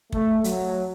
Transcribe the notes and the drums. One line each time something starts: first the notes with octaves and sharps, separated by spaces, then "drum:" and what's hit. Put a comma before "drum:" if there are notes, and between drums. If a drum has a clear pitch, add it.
A3, drum: kick
F#3, drum: hi-hat